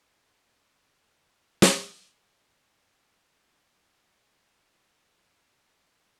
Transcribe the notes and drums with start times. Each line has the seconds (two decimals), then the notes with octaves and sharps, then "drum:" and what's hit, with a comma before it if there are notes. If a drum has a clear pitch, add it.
0.99 D3 B3 B4
1.62 drum: snare
3.78 E4 F#4